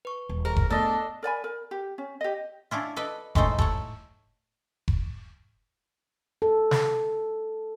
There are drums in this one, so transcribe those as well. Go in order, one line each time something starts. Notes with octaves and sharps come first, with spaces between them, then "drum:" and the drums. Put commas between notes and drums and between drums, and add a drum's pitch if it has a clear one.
B4 C#6
D#1
G#4 A#4 C5
drum: kick F1
A3 B3 D4 A4 D#5
A#4 D5 G#5 B5
A#4
G4
C#4
G4 D#5
C#4 D4 E4 F4
A4 B4 D5 D#5
A2 G#3 A3 D#4 A4 C5, drum: kick F1
A4 C#5 F#5, drum: kick F1
drum: kick F1
A4
drum: snare